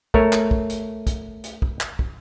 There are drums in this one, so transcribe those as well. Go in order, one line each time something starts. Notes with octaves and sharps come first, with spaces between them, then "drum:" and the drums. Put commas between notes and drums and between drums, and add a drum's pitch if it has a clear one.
A3 A#4 C#5, drum: kick
drum: clap
drum: kick
drum: hi-hat
drum: kick, hi-hat
drum: hi-hat
drum: kick
drum: clap
drum: kick